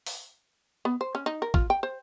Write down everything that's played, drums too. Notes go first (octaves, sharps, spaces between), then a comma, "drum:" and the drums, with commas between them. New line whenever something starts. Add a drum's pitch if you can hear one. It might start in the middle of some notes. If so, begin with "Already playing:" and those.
drum: open hi-hat
B3
C5
C#4
D#4
A#4
F4, drum: kick
G5
C5